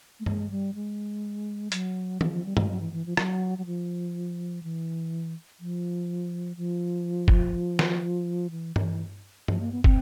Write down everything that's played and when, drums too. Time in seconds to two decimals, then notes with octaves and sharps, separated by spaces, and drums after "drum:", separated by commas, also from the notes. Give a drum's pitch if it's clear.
0.20 A3
0.26 G#3, drum: tom G2
0.50 G3
0.75 G#3
1.72 F#3, drum: hi-hat
2.21 F3, drum: tom
2.32 F3
2.45 G3
2.57 G#3, drum: tom G2
2.69 F#3
2.80 E3
2.93 E3
3.06 F3
3.17 F#3, drum: rim click
3.58 F#3
3.66 F3
4.63 E3
5.60 F3
6.57 F3
7.28 drum: kick
7.79 drum: snare
8.51 E3
8.76 E3, drum: tom G2
9.48 F3, drum: tom G2
9.60 A#3
9.72 B3
9.84 C4, drum: kick